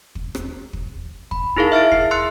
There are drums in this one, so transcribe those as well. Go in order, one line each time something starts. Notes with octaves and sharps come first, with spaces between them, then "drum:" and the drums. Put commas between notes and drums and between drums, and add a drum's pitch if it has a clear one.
drum: kick
drum: rim click
drum: kick
B5, drum: kick
D#4 E4 G#4 A#4 F5
E5 F6 A6 D7
C7, drum: kick
C6 E6 F#6 C#7